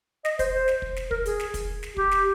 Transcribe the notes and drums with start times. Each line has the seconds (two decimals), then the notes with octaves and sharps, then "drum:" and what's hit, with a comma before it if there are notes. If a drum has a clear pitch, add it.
0.25 D#5, drum: snare
0.39 C5, drum: kick, hi-hat
0.53 C5
0.68 drum: snare
0.82 drum: kick
0.96 drum: snare
1.11 A#4, drum: kick
1.26 G#4, drum: hi-hat
1.40 drum: snare
1.54 drum: kick, hi-hat
1.83 drum: snare
1.97 G4, drum: kick
2.11 drum: snare